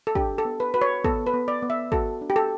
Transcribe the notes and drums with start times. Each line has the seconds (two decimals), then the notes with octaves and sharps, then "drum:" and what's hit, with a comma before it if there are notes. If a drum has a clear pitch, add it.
0.07 A4
0.15 D4 G4, drum: kick
0.38 A4
0.45 B3
0.60 B4
0.74 F#4 B4
0.82 C#5
1.04 B3 A4, drum: kick
1.27 B4
1.34 B3
1.48 D5
1.62 B3
1.70 E5
1.92 F#4 A4, drum: kick
2.21 D4
2.30 G4
2.36 A4